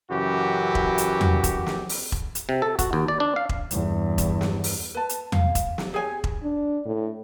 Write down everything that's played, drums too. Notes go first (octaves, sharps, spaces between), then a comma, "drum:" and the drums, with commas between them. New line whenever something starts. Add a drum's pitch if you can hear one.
F#2 C#3 E3 F#4 G4
drum: kick E1
drum: hi-hat
drum: tom E2
drum: kick E1, hi-hat
drum: snare
drum: open hi-hat
drum: kick E1
drum: hi-hat
C3
A4
F#4, drum: kick E1, hi-hat
D#2
D5
D4
F5
drum: kick E1
E2 G2, drum: hi-hat
drum: kick E1, hi-hat
drum: snare
drum: open hi-hat
B4 A5
drum: hi-hat
F5, drum: tom E2
drum: kick E1, hi-hat
drum: snare
G4 G#4 C#5 G#5
drum: kick E1
D4
A2